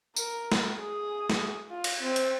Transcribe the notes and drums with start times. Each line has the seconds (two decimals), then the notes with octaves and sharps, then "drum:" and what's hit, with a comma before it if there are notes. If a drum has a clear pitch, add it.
0.16 A#4, drum: tambourine
0.52 drum: snare
0.78 G#4
1.30 drum: snare
1.71 F4
1.84 drum: cymbal
2.01 C4
2.16 drum: hi-hat